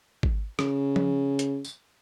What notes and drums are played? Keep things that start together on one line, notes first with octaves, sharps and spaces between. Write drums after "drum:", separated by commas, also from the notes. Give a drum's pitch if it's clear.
drum: kick G#1
C#3, drum: rim click
drum: tom F3
drum: hi-hat
drum: tambourine